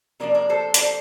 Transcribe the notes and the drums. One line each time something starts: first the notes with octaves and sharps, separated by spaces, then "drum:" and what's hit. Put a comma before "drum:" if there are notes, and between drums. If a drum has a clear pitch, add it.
C3 F3 A#3 D4 A#4 D5
A#4 D5
A4 C5
D5, drum: hi-hat
A4 C5